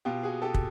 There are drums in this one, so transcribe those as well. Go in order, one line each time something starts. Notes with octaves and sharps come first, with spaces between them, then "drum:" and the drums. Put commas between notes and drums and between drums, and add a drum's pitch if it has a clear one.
B2 F4 G4
F#4 G#4
G4 A4
drum: kick